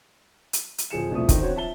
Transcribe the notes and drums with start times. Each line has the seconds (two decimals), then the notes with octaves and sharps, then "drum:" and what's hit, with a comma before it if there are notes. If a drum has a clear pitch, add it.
0.53 drum: hi-hat
0.78 drum: hi-hat
0.90 D1 F3 G#4 C#7 E7
1.11 E1 C2 F3 A3 D#6
1.29 D3 D#3 C5, drum: kick, hi-hat
1.41 C4 D4 F#4 C5 C#5
1.55 F3 E5 A5 G7